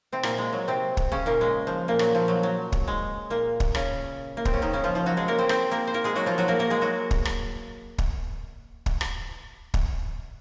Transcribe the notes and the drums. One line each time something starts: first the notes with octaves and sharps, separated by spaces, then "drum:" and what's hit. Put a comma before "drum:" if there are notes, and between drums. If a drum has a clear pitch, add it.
C3 C4
A#2 A#3, drum: rim click
G#3
F#3
C3 C4
drum: kick
C#3 C#4
A#2 A#3
G#3
F3
A#2 A#3
F#3, drum: rim click
F3
F#3
F#3
drum: kick
G#3
A#2 A#3
drum: kick
C#3 C#4, drum: rim click
A#3
C4, drum: kick
C#4
D#3 D#4
C#3 C#4
F3 F4
F3 F4
F#3 F#4
G#3 G#4
A#3 A#4
C4 C5
C4 C5, drum: rim click
A#3 A#4
C5
A#3 A#4
G#3 G#4
F#3 F#4
F3 F4
F#3 F#4
A#3 A#4
A#3 A#4
G#3 G#4
F#3 F#4
drum: kick
drum: rim click
drum: kick
drum: kick
drum: rim click
drum: kick